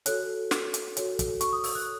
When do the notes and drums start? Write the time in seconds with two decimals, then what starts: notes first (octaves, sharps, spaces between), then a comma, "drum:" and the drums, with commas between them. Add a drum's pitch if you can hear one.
0.06 F#4 A4 C#5 F#6, drum: hi-hat
0.51 drum: snare
0.74 drum: hi-hat
0.97 F#4 A4 C#5, drum: hi-hat
1.19 drum: kick, hi-hat
1.41 C#6, drum: hi-hat
1.53 D#6
1.64 E6, drum: open hi-hat
1.75 F#6